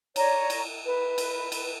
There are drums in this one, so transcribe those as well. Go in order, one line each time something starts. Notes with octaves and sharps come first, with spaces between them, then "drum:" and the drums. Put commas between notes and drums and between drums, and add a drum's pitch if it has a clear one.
C#5 D5 A#5, drum: cymbal
drum: cymbal
B4
drum: cymbal
drum: cymbal